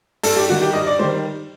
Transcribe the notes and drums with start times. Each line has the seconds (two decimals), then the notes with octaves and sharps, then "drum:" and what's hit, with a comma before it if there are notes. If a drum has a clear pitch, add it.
0.23 G2 A4, drum: open hi-hat
0.37 G4
0.50 D#3 G3 F#4
0.62 G4
0.73 G2 D#5
0.87 D5
0.99 D#3 G3 C5